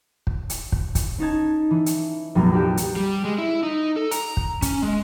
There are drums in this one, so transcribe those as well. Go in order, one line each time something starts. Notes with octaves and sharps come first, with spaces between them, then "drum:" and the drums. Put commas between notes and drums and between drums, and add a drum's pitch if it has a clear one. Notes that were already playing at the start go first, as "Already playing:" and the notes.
drum: kick
drum: hi-hat
drum: kick
drum: kick, hi-hat
C#4 D#4 A5 G#6
E3
drum: hi-hat
F1 A#1 F#3 B3
F#4 G4 D5
drum: hi-hat
G3
G#3
E4
D#4
A4
A#5, drum: hi-hat
drum: kick
C#4, drum: kick, hi-hat
G#3